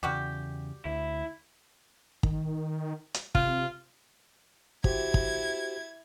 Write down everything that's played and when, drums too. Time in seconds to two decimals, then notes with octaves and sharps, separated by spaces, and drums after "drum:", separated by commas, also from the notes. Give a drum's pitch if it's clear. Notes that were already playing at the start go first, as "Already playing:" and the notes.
0.03 E2 C#3 G3 F#4 G4
0.85 D2 E4
2.23 D#3, drum: kick
3.14 drum: hi-hat
3.35 C3 F4, drum: kick
4.84 E4 F#4 G4 C5 G#6, drum: kick
5.14 drum: kick